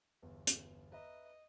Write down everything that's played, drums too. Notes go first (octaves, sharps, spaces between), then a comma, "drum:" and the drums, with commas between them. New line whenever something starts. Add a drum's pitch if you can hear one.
G1 E2
drum: hi-hat
B4 D#5 E5 A#5